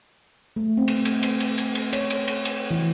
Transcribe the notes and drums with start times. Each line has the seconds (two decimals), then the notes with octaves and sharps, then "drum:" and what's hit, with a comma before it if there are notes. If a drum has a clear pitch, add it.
0.56 A3
0.77 C4
0.88 drum: cymbal
1.05 drum: cymbal
1.23 drum: cymbal
1.40 drum: cymbal
1.58 drum: cymbal
1.75 drum: cymbal
1.93 C#5, drum: cymbal
2.10 drum: cymbal
2.28 drum: cymbal
2.45 drum: cymbal
2.71 E3